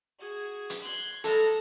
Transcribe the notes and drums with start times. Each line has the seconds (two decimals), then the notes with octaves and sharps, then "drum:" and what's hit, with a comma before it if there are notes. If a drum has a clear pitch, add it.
0.18 F#4 G#4
0.70 drum: hi-hat
0.81 C6 F#6 G#6
1.24 G2 G#3 A4 A5 A#5, drum: hi-hat